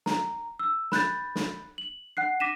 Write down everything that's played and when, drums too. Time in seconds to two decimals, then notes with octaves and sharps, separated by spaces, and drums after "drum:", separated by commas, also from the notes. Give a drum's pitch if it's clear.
0.06 A#5, drum: snare
0.59 E6
0.92 B5 F#6 G6 A6, drum: snare
1.35 drum: snare
1.78 F#7
2.17 F#5 F#6 C7
2.40 D6 A#6 B6 D#7 E7